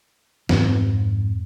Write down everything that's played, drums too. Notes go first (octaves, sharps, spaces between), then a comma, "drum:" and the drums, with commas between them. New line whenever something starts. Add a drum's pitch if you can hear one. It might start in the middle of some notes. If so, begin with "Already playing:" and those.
F2 G#2 C4, drum: snare